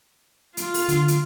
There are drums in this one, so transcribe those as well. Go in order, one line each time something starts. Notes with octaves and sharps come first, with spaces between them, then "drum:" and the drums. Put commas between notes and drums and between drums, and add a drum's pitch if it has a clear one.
F4, drum: hi-hat
drum: open hi-hat
D3, drum: hi-hat
drum: hi-hat